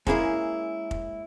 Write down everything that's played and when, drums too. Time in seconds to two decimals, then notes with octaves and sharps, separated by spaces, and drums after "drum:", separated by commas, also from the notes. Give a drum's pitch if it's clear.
0.07 G#3 A#3 C#4 E4 G#4 A#4, drum: kick
0.91 drum: kick